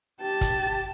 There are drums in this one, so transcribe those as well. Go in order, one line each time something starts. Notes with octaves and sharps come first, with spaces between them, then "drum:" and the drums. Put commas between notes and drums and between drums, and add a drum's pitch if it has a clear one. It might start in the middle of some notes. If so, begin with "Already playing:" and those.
G4 A5
drum: kick, hi-hat